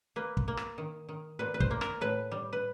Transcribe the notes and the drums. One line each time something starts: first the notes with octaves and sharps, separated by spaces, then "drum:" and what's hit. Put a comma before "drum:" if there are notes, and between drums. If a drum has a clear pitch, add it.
A#3 B4
drum: kick
A#3
drum: rim click
D#3
D#3
A#2 B4
B4
C5, drum: kick
A#3
A#4, drum: rim click
A2 B4
G3
B4